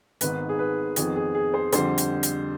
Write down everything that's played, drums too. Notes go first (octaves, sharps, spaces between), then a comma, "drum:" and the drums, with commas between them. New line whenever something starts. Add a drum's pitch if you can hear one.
G#1 G#2 D#3 B3 B4, drum: hi-hat
G#4
B4
F2 D#3 B3 G#4, drum: hi-hat
G#4
G#4
C5
F2 D3 G3 C5, drum: hi-hat
drum: hi-hat
drum: hi-hat